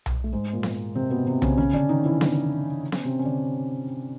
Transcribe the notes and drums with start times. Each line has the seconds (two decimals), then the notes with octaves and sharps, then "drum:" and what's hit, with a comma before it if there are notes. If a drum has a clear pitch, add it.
0.06 drum: tom B1
0.24 A3
0.32 G#2 G#3
0.53 A#2 A#3
0.63 drum: snare B3
0.95 C3 C4
1.11 B2 B3
1.27 C3 C4
1.42 C#3 C#4, drum: tom B1
1.58 C#3 C#4
1.73 D3 D4, drum: kick
1.89 D#3 D#4
2.05 E3 E4
2.21 D3 D4, drum: snare B3
2.92 C#4, drum: snare B3
3.04 C3 C4
3.19 C#4
3.25 D3 D4